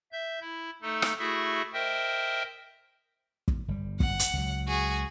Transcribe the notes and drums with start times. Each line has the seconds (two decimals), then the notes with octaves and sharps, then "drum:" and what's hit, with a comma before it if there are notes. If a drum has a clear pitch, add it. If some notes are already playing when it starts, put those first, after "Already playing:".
0.12 E5 G6
0.41 E4
0.82 A3 D#4 A4
1.02 drum: rim click
1.19 A3 E4 F#4 G#4 A4 E5
1.73 A#4 C5 D#5 E5 G5
3.48 drum: kick
3.68 G1 G3
4.00 F#5, drum: kick
4.19 drum: hi-hat
4.33 C#2 F#3
4.68 F#4 G#4